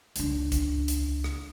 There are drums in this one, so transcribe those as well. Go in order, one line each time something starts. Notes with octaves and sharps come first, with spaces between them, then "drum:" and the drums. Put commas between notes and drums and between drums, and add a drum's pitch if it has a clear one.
C#2 D4, drum: hi-hat
drum: kick A#1, hi-hat
drum: hi-hat
drum: rim click